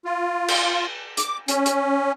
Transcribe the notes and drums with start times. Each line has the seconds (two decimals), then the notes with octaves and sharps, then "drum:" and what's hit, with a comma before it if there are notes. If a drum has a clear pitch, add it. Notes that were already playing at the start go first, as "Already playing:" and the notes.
0.05 F4
0.48 drum: cymbal
1.17 D6, drum: hi-hat
1.48 C#4, drum: hi-hat
1.66 drum: hi-hat